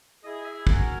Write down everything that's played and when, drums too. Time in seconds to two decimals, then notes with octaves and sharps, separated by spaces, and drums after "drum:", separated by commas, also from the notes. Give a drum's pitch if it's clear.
0.24 E4 G#4 D#5
0.46 E5
0.67 F#4 A#4 G#5, drum: kick